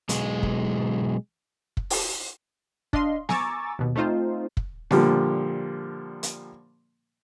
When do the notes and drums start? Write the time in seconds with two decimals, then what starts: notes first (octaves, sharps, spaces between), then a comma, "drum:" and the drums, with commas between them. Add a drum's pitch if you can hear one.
0.09 B1 G#3, drum: hi-hat
0.43 drum: kick
1.77 drum: kick
1.90 drum: open hi-hat
2.93 D4 D#5 F5 C6, drum: kick
3.29 G#5 A#5 C#6 D6 E6 A6, drum: snare B3
3.79 D#2 B2
3.96 A3 C4 D#4 F4 C5
4.57 drum: kick
4.91 A#2 D3 F3 G3 A#3, drum: snare B3
6.23 drum: hi-hat